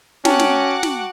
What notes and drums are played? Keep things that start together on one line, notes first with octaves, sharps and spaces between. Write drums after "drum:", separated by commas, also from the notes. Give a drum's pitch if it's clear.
C#4 F#4 F#5 G5 A5 D6, drum: snare
drum: snare
drum: snare